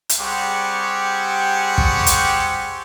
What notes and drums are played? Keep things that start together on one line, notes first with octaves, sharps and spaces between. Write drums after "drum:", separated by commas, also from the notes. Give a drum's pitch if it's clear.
drum: hi-hat
G3 C4 G4 G#4 F#5 C#6
drum: kick
drum: hi-hat